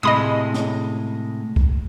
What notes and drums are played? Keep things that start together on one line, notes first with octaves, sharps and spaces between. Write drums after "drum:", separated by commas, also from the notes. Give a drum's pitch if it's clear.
A2 C3 G#3 D#5 B5 D#6
drum: snare
drum: kick C2